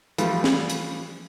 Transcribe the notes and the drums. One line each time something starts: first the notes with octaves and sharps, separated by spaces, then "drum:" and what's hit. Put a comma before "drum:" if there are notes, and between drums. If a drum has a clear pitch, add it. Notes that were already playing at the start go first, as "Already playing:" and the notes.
E3 F3 G3 A3 F4 B4, drum: hi-hat
drum: snare
drum: hi-hat